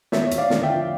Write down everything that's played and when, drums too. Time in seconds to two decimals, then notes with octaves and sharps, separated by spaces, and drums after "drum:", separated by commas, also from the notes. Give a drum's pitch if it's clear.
0.12 E2 C#5 E5, drum: snare
0.31 E2, drum: hi-hat
0.37 D5 F5
0.50 D3, drum: snare
0.63 E5 G5
0.69 F3